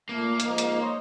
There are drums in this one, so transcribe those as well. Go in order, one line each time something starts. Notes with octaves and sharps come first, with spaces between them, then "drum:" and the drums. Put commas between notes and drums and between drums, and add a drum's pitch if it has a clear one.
A#2 A3 A#3
F2 G#2 D#4, drum: hi-hat
drum: hi-hat
C5 C#5 D#5